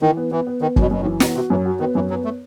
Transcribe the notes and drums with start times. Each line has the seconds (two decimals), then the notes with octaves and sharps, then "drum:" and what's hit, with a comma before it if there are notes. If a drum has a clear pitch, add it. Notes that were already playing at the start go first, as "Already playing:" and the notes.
0.02 D#3 E3
0.17 B3
0.31 E3 B3
0.47 B3
0.61 D#3 B3
0.76 F#2 B2, drum: kick
0.91 F#2 B2
1.01 A2
1.05 E3
1.20 B2 B3, drum: snare
1.35 C3 F#4
1.50 F#2 E3
1.65 F#4
1.80 D#3 B3
1.95 F#2 E3
2.10 F#3 B3
2.25 A3